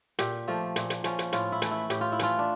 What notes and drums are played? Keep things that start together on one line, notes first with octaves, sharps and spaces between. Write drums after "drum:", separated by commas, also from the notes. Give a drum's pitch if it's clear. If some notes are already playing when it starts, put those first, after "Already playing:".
A#2 G4, drum: hi-hat
F3 A3
A#2, drum: hi-hat
drum: hi-hat
F3 C#4, drum: hi-hat
drum: hi-hat
A2 F4, drum: hi-hat
E4
E3 A3, drum: hi-hat
E4
A2 G4, drum: hi-hat
F4
E4
E3 A3 F4, drum: hi-hat
D4